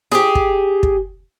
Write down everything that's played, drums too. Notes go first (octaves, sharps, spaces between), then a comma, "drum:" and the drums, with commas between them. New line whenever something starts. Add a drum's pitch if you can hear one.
G4 G#4, drum: snare
drum: kick
drum: kick